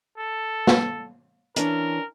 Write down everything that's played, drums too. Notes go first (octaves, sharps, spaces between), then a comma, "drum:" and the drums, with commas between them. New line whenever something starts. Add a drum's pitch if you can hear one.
A4
drum: snare
E3 C#4 D4 A#4, drum: hi-hat